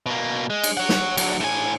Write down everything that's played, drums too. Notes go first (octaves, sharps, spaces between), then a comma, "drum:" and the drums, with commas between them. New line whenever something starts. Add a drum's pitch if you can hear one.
B2 A#3
G#3
drum: cymbal
C#5 F#5
drum: snare
D3 F#3, drum: cymbal
A2 G#5